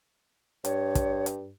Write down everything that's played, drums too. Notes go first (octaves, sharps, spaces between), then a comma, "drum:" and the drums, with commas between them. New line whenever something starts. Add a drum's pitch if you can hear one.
G2 C#5, drum: hi-hat
drum: kick, hi-hat
drum: hi-hat